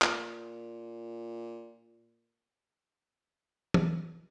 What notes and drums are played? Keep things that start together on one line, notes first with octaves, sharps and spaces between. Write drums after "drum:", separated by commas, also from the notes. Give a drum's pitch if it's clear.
A#2, drum: clap
drum: tom